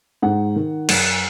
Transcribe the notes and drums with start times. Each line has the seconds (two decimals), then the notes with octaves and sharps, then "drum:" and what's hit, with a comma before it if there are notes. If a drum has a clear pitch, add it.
0.22 G#2 F#5
0.56 D#3
0.89 F#2, drum: cymbal